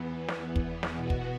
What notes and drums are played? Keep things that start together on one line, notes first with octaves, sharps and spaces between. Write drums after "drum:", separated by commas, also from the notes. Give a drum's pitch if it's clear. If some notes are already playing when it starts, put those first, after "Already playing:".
Already playing: E2 E3 B3
drum: snare
drum: kick
drum: snare
B2 B3 F#4
drum: kick